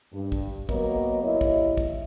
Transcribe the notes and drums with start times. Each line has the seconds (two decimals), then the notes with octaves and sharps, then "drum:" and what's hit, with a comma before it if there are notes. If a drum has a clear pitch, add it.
0.13 G2
0.32 drum: kick
0.69 F#3 A#3 B3 A#4 C#5 D#5, drum: kick
1.23 D#2 G#2 E4 C#5 D#5
1.41 drum: kick
1.77 drum: kick